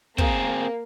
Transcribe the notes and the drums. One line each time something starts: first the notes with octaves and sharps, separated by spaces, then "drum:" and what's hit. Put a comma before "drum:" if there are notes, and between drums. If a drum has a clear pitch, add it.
A#3 C4 G#4, drum: kick